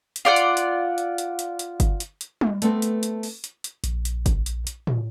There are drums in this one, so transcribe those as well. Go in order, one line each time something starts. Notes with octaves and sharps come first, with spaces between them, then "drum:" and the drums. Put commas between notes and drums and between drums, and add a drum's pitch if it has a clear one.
drum: hi-hat
F4 D5 F#5
drum: hi-hat
drum: hi-hat
drum: hi-hat
drum: hi-hat
drum: hi-hat
drum: hi-hat
drum: kick G1, hi-hat
drum: hi-hat
drum: hi-hat
drum: tom G3
A3 B3 C4 A4, drum: hi-hat
drum: hi-hat
drum: hi-hat
drum: open hi-hat
drum: hi-hat
drum: hi-hat
A#1, drum: hi-hat
drum: hi-hat
drum: kick G1, hi-hat
drum: hi-hat
drum: hi-hat
drum: tom A2